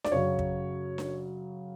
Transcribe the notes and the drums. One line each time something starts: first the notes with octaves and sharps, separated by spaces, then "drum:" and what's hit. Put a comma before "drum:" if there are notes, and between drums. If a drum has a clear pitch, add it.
D5, drum: snare D4
F#2 C#3 F#3 C#5
drum: kick
drum: snare D4